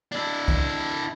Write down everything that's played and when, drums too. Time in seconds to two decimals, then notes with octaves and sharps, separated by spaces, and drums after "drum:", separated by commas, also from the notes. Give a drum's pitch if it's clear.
0.12 D4 E4
0.48 drum: kick C2